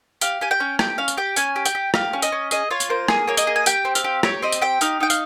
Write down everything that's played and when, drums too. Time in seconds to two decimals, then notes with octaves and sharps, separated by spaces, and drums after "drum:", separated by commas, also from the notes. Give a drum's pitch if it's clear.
0.21 G4 F5, drum: tambourine
0.41 G4 G#5
0.51 G5
0.60 C#4
0.79 G4 G5, drum: rim click
0.98 C#4 F5
1.08 drum: tambourine
1.17 G4 G5
1.36 C#4 G#5, drum: tambourine
1.56 G4
1.65 G5, drum: tambourine
1.75 G4
1.94 G4 F5, drum: rim click
2.13 C#4
2.22 D#5, drum: tambourine
2.32 C#4
2.51 G#4 D#5, drum: tambourine
2.70 F4 C#5
2.80 drum: tambourine
2.90 A#3 C5
3.08 G#4, drum: rim click
3.27 A#3 C#5
3.37 D#5, drum: tambourine
3.47 G#4
3.56 G#5
3.66 G4 G5, drum: tambourine
3.85 C4
3.95 F5, drum: tambourine
4.04 G4
4.23 G4 C#5, drum: rim click
4.42 C4 D#5
4.52 drum: tambourine
4.61 G4 G5
4.81 D#4 F5, drum: tambourine
5.00 D#4 G5
5.10 F5, drum: tambourine